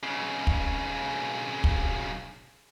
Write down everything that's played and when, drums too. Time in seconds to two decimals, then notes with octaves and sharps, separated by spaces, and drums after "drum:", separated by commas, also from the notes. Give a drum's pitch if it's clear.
0.03 B1 C#3
0.47 drum: kick
1.64 drum: kick